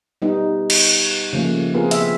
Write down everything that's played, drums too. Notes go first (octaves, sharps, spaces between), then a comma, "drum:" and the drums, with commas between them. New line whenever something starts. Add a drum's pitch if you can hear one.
G3 B3 D#4
drum: cymbal
C#3 F3 A3 A#3
B3 C4 F4 G#4 A#4
E5, drum: hi-hat